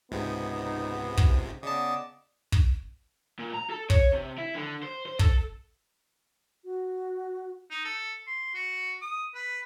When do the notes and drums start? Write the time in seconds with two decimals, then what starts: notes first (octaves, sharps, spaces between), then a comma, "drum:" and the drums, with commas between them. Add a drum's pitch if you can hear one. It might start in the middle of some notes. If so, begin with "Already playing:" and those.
0.12 C#2 G#2 C3 B3 D#4
1.17 drum: kick
1.63 C#3 B3 D5 D#5 A5
2.52 drum: kick
3.39 A#2
3.54 A#5
3.71 A4
3.90 C#5, drum: kick
4.13 C3
4.38 E4
4.55 D3
4.83 C5
5.06 C5
5.19 A4, drum: kick
6.65 F#4
7.71 D#4
7.85 A4
8.27 C6
8.55 F#4
9.02 D#6
9.35 B4